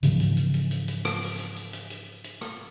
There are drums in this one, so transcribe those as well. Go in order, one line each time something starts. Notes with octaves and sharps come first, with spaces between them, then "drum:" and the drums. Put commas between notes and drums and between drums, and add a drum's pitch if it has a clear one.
G#2 C#3 E3 F3, drum: hi-hat
drum: hi-hat
drum: hi-hat
drum: hi-hat
drum: hi-hat
drum: hi-hat
drum: rim click
drum: open hi-hat
drum: hi-hat
drum: hi-hat
drum: hi-hat
drum: hi-hat
drum: hi-hat
drum: rim click